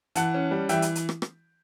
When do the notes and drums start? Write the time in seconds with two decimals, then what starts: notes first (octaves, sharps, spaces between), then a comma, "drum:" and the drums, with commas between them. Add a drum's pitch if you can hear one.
0.15 E3 F#5 A5, drum: hi-hat
0.34 C#4
0.51 G3
0.69 E3 E5 G5, drum: hi-hat
0.82 drum: hi-hat
0.95 drum: hi-hat
1.09 drum: rim click
1.22 drum: rim click